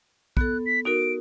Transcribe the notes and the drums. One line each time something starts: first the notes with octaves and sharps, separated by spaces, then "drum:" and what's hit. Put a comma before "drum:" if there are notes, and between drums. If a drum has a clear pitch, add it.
B3 A4 F#6, drum: kick
B6
D#4 F#4 A#4 D7